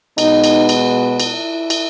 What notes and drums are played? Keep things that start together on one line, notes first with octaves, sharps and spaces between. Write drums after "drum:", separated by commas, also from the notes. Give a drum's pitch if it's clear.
B2 G#3 B3 D#4, drum: cymbal
drum: cymbal
drum: cymbal
drum: cymbal
E4
drum: cymbal